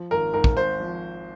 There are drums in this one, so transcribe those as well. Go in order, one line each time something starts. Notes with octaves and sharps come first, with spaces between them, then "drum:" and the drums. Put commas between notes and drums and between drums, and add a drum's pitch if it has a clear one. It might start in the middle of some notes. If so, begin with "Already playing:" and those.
Already playing: F3
G#1 A#4
G#2 A#4
drum: kick
G#1 C5
F3